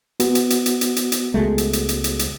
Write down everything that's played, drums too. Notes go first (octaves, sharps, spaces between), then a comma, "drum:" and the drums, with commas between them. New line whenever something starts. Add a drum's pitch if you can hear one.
B3 F#4, drum: hi-hat
drum: hi-hat
drum: hi-hat
drum: hi-hat
drum: hi-hat
drum: hi-hat
drum: hi-hat
C#2 G#3 A3
drum: hi-hat
drum: hi-hat
drum: hi-hat
drum: hi-hat
drum: hi-hat